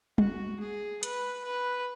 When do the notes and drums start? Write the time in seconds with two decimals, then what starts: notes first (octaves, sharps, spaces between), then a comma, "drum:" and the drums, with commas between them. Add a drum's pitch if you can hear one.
0.18 F#4, drum: tom
0.60 G#4
1.03 B4, drum: hi-hat
1.45 B4